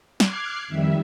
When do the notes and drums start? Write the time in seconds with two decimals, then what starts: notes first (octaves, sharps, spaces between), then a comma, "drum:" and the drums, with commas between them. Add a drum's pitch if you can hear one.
0.20 D6 F6 F#6 G#6 C7, drum: snare
0.68 F2 D#3 G3 E5